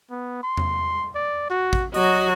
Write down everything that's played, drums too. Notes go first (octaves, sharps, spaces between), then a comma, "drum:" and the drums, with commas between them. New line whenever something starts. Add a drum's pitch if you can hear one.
B3
C6
drum: tom E2
D5
F#4
drum: kick
F#3 F#4 D#5, drum: open hi-hat